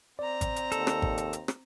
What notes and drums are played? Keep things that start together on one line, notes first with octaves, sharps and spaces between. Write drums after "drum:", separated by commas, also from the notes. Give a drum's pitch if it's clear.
C4 D5 A#5
drum: kick G#1, hi-hat
drum: hi-hat
D#2 A4, drum: hi-hat
drum: rim click
drum: kick G#1
drum: hi-hat
drum: hi-hat
drum: rim click